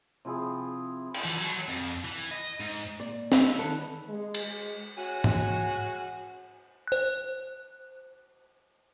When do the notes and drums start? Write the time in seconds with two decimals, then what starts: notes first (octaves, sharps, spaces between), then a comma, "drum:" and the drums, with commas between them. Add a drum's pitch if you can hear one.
0.25 C3 F3 E4 G#4
1.14 drum: cymbal
1.25 E3
1.39 F#3
1.68 F2
2.05 E3
2.31 D#5
2.60 G#2, drum: tambourine
3.00 A#2 D5
3.32 E5 F5, drum: snare
3.59 D#3 A4 B4
4.09 G#3
4.34 drum: cymbal
4.45 G#3
4.97 G#3 C#4 F#4
5.24 drum: tom G#2
6.88 C5 F#6